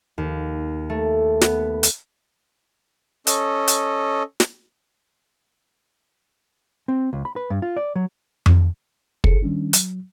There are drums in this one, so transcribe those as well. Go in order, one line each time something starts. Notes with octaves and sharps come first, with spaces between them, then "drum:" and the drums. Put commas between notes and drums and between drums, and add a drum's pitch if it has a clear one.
D#2
A3
B3, drum: snare
drum: hi-hat
C#4 A4 D#5, drum: hi-hat
drum: hi-hat
drum: snare
C4
C#2
B5
B4
G2
F4
D5
F#3
drum: tom F2
G#4 A4 C#7, drum: kick
D#3 G3 C#4 D4
F#3, drum: hi-hat